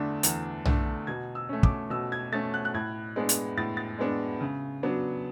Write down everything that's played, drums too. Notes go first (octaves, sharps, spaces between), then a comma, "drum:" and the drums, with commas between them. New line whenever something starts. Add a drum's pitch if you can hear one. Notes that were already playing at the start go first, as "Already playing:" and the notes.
Already playing: E2 D3 A3 D4
E2, drum: hi-hat
D3 A3 D4, drum: tom B1
B2 G#6
E6
A3 C#4
D6, drum: kick
B2 E6
G#6
A3 C#4 A6
F#6
F#6
A2 G#6
G#3 B3 D4
drum: hi-hat
A2 A6
A6
G#3 B3 D4
C#3
F#3 B3 D4